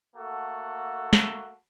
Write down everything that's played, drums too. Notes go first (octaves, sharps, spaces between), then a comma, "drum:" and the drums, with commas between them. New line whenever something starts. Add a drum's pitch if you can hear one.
A3 A#3 F#4 A4 F#5
drum: snare